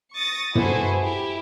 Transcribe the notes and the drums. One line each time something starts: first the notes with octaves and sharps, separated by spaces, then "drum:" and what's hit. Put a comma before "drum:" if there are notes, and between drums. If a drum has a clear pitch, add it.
C#6 D#6 A6 A#6
E4 F#4 G#4 A4 B4 C5, drum: tom
E4 G4